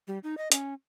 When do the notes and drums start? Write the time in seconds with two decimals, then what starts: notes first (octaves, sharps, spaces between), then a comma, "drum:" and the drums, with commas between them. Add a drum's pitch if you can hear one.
0.08 G3
0.24 D#4
0.38 D#5
0.52 C#4, drum: hi-hat